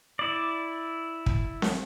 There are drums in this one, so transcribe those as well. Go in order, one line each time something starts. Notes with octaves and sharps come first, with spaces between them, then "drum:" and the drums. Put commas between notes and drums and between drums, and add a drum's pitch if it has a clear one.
E4 D5
drum: kick
drum: snare C4